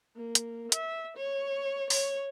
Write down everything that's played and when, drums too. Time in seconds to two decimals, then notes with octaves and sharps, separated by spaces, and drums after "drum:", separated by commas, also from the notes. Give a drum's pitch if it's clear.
0.16 A#3
0.35 drum: hi-hat
0.72 E5, drum: hi-hat
1.17 C#5
1.90 C#5, drum: open hi-hat